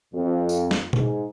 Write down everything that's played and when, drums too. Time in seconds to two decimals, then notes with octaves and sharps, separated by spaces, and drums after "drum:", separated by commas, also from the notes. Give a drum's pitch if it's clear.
0.13 F2
0.49 drum: tambourine
0.71 drum: snare
0.93 G#2, drum: tom B2